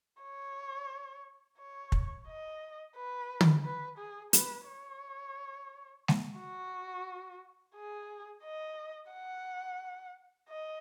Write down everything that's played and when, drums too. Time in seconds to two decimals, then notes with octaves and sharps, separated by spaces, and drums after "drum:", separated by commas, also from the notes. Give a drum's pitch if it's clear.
0.22 C#5
1.59 C#5
1.92 drum: kick
2.27 D#5
2.96 B4
3.41 drum: tom
3.64 B4
3.98 G#4
4.33 B4, drum: hi-hat
4.67 C#5
6.08 drum: snare G#3
6.38 F#4
7.75 G#4
8.44 D#5
9.12 F#5
10.49 D#5